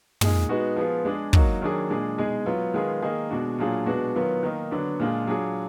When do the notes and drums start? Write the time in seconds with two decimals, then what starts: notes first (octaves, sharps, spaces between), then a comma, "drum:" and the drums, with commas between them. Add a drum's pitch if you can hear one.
0.21 A#2 G#3 D#4 G#4, drum: tom
0.49 G#3 B3 D#4 F#4
0.76 F3 B3 F4 G#4
1.05 G#3 D4 G#4
1.33 F#3 A#3 D#4 F#4, drum: kick
1.62 D#3 F#3 D4 G#4
1.89 A#2 G#3 D4 G#4
2.18 B2 G#3 D#4 G#4
2.46 F#3 B3 F4
2.74 D#3 G#3 B3 F4 G#4
3.02 D#3 A#3 D#4 G#4
3.30 B2 G#3 D4 F#4
3.58 A#2 F#3 D4 F4 G#4
3.86 B2 G#3 B3 D4 F#4
4.15 D#3 F#3 B3 F4
4.43 D#3 A#3 D#4
4.71 D3 F#3 B3 D4
5.00 A#2 G#3 D4 F4 G#4
5.27 F#3 D4 F4 G#4